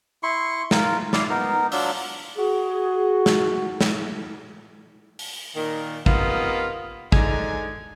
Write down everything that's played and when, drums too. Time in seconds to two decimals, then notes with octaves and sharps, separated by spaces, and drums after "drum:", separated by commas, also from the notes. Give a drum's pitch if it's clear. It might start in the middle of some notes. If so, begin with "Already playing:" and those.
0.23 E4 C6 C#6
0.71 F4 A#4, drum: snare
1.13 E4 D5 F5, drum: snare
1.30 B3 D#4 A#4
1.72 F#3 D4 F4 E6, drum: open hi-hat
2.37 F#4 G#4
3.26 drum: snare
3.81 drum: snare
5.19 drum: open hi-hat
5.56 A#2 D#3
6.06 C3 A#3 B3 D#4 F4, drum: kick
7.12 G#2 D3 D#4 G#5, drum: kick